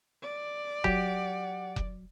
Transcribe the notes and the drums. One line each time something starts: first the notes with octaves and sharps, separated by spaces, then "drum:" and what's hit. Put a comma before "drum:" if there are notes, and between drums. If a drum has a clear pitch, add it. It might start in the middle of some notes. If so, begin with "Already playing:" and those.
D5
F#3 G4 F#5, drum: kick F1
drum: kick F1